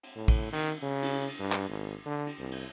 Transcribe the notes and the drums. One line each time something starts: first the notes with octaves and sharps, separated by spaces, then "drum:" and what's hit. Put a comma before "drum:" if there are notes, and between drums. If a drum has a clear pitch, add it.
drum: cymbal
A2
drum: kick, cymbal
D#3, drum: cymbal
C#3
drum: cymbal
drum: cymbal
G2
drum: clap
G#1
D3
drum: cymbal
C2
drum: cymbal